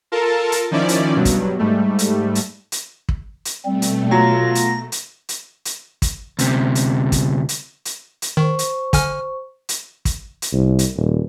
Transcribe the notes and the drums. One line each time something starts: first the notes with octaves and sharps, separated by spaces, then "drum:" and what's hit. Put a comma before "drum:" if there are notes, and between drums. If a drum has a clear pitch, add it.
F4 A4 A#4 A5
drum: hi-hat
D#3 F3 C#4 E4 D5
drum: hi-hat
G2 B2 F#3
drum: kick, hi-hat
G#2 G3 A3
drum: hi-hat
drum: hi-hat
drum: hi-hat
drum: kick
drum: hi-hat
B2 G3 A3 C4
drum: hi-hat
F#3 F4 A#6
drum: hi-hat
drum: hi-hat
drum: hi-hat
drum: hi-hat
drum: kick, hi-hat
D2 C3, drum: hi-hat
drum: hi-hat
drum: kick, hi-hat
drum: hi-hat
drum: hi-hat
drum: hi-hat
D#3 C5 C#6
drum: hi-hat
D3 G#5 F6, drum: kick, hi-hat
drum: hi-hat
drum: kick, hi-hat
drum: hi-hat
C2
drum: hi-hat
D#1